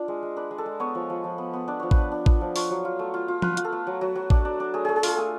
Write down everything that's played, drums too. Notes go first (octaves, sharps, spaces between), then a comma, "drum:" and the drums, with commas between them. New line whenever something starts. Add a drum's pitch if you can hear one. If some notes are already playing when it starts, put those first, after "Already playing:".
Already playing: D4 F4 D5
G#3
G#3
D4 B4
G#3
A4
G#3
B3 C#5
F3
F3
F3
B3
B3
D4 B4
F3 C#5
B4, drum: kick A1
D4
D4
B3, drum: kick A1
F3
F4 C#5, drum: open hi-hat
F#3
F4
A3
F4
F4
F4 B4, drum: tom F3
F4, drum: hi-hat
A4
A3
F#3
F#3
F#3
D4, drum: kick A1
D4
D4
A3 G#4
A3 G#4
G#4
F4 A4, drum: open hi-hat
A3 G#5